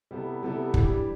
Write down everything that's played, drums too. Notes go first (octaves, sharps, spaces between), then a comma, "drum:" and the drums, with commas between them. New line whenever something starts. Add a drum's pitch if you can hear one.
C3 G3 B3 E4 A4
C3 G3 B3 E4 A4
E3 G3 D4 G4, drum: kick